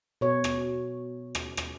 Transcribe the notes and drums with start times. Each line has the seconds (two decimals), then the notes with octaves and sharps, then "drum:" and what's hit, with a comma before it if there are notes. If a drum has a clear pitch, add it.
0.21 B2 C#5
0.44 drum: rim click
1.35 drum: rim click
1.57 drum: rim click